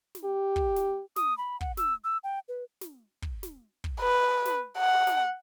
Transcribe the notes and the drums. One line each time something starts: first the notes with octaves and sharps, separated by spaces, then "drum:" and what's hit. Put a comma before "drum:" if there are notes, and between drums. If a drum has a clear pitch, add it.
drum: snare
G4
drum: kick
drum: snare
D#6, drum: snare
B5
F#5, drum: kick
E6, drum: snare
E6
G5
B4
drum: snare
drum: kick
drum: snare
drum: kick
B4
drum: snare
F#5
drum: snare